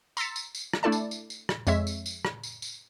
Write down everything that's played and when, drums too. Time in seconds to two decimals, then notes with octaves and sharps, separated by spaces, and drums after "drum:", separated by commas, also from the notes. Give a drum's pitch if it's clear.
0.17 A#5 C6 E6 A6 B6 C#7, drum: tambourine
0.36 drum: tambourine
0.55 drum: tambourine
0.73 drum: rim click
0.83 A3 D4 E4 A4 D5 A5
0.92 drum: tambourine
1.11 drum: tambourine
1.30 drum: tambourine
1.49 drum: rim click
1.67 F2 G#3 C#5 E5, drum: tambourine
1.87 drum: tambourine
2.06 drum: tambourine
2.25 drum: rim click
2.43 drum: tambourine
2.62 drum: tambourine